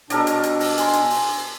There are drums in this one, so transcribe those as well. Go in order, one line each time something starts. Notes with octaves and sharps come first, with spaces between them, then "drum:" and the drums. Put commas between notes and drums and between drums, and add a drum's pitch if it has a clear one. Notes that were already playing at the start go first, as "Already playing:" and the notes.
B2 D4 F#4 G4 A4 A#4 C#5 D5, drum: hi-hat
drum: hi-hat
drum: hi-hat
drum: open hi-hat
G#5 A#5 C6, drum: hi-hat
drum: hi-hat
drum: open hi-hat